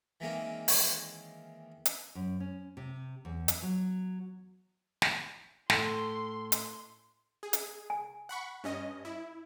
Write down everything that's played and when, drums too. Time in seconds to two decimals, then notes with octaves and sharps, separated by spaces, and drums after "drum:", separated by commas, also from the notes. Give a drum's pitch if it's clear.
0.20 D#3 E3 G#3 A#3 C4 C#4
0.68 drum: open hi-hat
1.85 drum: hi-hat
2.15 F#2
2.40 C#4
2.77 C3
3.25 E2
3.48 drum: hi-hat
3.62 F#3
5.02 drum: snare
5.70 A2 A4 C6, drum: snare
6.52 drum: hi-hat
7.43 G#4
7.53 drum: hi-hat
7.90 G#5
8.29 F#5 B5 C#6
8.64 G2 C#4 D#5
9.05 E4